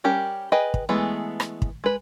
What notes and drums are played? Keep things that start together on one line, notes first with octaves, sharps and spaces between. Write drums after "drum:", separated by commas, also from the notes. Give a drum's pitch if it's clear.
G3 C#4 G4 A#4
G#4 B4 D#5 G5
drum: kick
E3 G#3 A3 B3
drum: rim click
drum: kick
G#3 B4